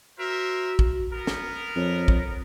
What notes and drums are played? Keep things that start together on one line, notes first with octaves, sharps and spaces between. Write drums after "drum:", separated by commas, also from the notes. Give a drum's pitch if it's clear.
F#4 A#4 C5 E5
drum: kick
B3 A#4
drum: snare
F2 C#5
drum: kick